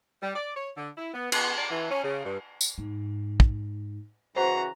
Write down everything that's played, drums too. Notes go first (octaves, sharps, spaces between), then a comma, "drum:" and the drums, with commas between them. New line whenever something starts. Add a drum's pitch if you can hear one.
G3
D5
C#5
D3
E4
B3
B3, drum: cymbal
D5
E3
C#4
C#3
G2
drum: tambourine
G#2
drum: kick
C#3 E3 F#4 C5 A#5